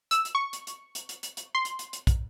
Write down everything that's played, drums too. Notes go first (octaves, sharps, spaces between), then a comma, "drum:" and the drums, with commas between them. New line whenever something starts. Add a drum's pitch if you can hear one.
E6, drum: hi-hat
drum: hi-hat
C#6
drum: hi-hat
drum: hi-hat
drum: hi-hat
drum: hi-hat
drum: hi-hat
drum: hi-hat
C6
drum: hi-hat
drum: hi-hat
drum: hi-hat
drum: kick, hi-hat